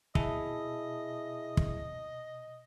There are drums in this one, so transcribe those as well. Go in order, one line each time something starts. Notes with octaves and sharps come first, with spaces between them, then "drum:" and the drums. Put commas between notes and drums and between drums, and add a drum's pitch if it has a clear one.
B2 E4 G#4 D#5 E5 A5, drum: kick
drum: kick